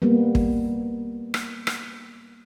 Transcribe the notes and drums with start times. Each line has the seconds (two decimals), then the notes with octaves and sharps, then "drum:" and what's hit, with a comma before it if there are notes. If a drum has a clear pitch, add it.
0.02 G3 A#3 B3
0.35 drum: kick
1.34 drum: rim click
1.67 drum: rim click